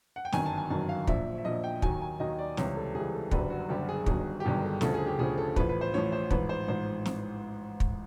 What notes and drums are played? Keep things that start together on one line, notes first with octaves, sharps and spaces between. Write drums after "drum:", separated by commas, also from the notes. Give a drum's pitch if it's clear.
F#5
G5
G1 F#2 D#3 F#3 G#5, drum: snare
A5
G#5
G1 F#2 D#3 F#3 A5
F5
A#1 A#2 F3 E5, drum: kick
E5
A#1 A#2 F3 D#5
G5
D#2 D#3 F#3 G#5, drum: kick
G#5
D#2 D#3 F#3 D#5
D5
C#2 C3 E3 G3 C#5, drum: snare
A4
C#2 C3 E3 G3 G#4
A4
F#1 F#2 D3 G3 B4, drum: kick
F#4
F#1 F#2 D3 G3 G4
G#4
G1 G2 D#3 F#3 G#4, drum: kick
G4
G1 G2 D#3 F#3 G#4
A4
D2 C#3 F3 A4, drum: snare
G#4
G4
D2 C#3 F3 G#4
A4
A1 A2 F3 B4, drum: kick
B4
C5
A1 A2 F3 C#5
C5
A1 G#2 F3 B4, drum: kick
C5
A1 G#2 F3 C5
drum: snare
drum: kick